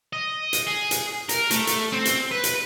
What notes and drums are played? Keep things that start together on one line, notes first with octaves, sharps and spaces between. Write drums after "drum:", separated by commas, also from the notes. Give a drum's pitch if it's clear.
D#5
drum: hi-hat
G#4
drum: hi-hat
A#4, drum: hi-hat
A3, drum: hi-hat
drum: hi-hat
C4
drum: hi-hat
B4
drum: hi-hat